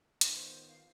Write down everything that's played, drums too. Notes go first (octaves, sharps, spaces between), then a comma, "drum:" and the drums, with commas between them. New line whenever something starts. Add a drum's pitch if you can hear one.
D#3 B3 F4, drum: hi-hat
C5
F5